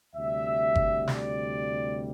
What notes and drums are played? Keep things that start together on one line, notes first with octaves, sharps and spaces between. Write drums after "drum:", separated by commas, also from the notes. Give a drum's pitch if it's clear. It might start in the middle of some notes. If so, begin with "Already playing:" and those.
D2 C3 G3 E5
drum: kick G1
D5, drum: snare